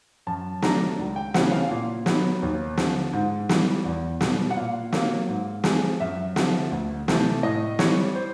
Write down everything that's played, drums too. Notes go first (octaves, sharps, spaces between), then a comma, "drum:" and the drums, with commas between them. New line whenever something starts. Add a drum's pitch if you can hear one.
F#2 A5
D#3 F#3 A3 D4 A#5, drum: snare
C#2
G5
C#3 E3 A3 C4 F#5, drum: snare
F5
A#2
F#3 B3 D#4, drum: snare
D#2
D3 F3, drum: snare
G#2
E3 G3, drum: snare
E2
B2 G3, drum: snare
F#5
A#2 F5
F#3 A#3, drum: snare
G#2
F3 G#3 C4, drum: snare
F#2 E5
D3 F3, drum: snare
D2
C3 E3 A3, drum: snare
A2 D#5
E3 G3 C#5, drum: snare
C5